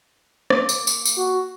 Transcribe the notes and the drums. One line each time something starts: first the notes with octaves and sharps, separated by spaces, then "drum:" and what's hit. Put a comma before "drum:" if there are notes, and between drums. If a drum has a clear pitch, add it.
A#3 D6, drum: rim click
drum: tambourine
drum: tambourine
drum: tambourine
F#4